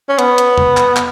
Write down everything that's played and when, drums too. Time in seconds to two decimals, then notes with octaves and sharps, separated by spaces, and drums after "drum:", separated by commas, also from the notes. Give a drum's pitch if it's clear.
0.09 C#4
0.19 B3, drum: hi-hat
0.38 drum: hi-hat
0.58 drum: tom E2
0.77 drum: clap
0.96 drum: clap